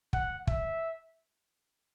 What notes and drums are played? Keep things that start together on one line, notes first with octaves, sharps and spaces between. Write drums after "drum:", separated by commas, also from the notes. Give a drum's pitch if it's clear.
F#5, drum: kick
E5, drum: kick